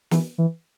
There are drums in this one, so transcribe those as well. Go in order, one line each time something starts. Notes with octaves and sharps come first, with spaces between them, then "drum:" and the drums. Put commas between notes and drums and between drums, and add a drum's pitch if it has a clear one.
E3, drum: snare
E3